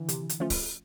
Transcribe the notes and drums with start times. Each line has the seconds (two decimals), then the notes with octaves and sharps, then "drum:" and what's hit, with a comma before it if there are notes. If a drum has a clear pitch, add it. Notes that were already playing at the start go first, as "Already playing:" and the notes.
Already playing: D3 E3
0.09 C3, drum: hi-hat
0.29 drum: hi-hat
0.40 F3 A3 C#4 F4
0.50 drum: kick, open hi-hat